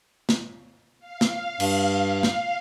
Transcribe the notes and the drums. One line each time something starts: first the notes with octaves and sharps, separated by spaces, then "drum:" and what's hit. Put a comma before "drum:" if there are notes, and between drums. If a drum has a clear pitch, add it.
drum: snare
F5
drum: snare
G2, drum: cymbal
drum: snare